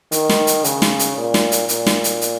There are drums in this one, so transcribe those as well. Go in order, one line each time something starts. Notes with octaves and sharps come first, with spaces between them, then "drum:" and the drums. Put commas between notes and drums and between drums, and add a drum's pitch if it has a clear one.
D#3, drum: hi-hat
drum: snare
drum: hi-hat
C#3, drum: hi-hat
drum: snare
drum: hi-hat
A#2
drum: snare
drum: hi-hat
A#2, drum: hi-hat
drum: snare
drum: hi-hat
drum: hi-hat